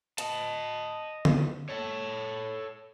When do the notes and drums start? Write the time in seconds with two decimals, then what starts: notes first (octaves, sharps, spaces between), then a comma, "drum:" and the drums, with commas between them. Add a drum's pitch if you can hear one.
0.18 D#5 A5, drum: hi-hat
1.25 drum: tom D3
1.69 A4 C#5